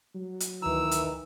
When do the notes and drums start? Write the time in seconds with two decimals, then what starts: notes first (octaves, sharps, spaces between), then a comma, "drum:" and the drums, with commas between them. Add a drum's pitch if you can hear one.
0.15 F#3
0.40 drum: hi-hat
0.62 D2 D#3 E3 A#5 E6
0.91 drum: hi-hat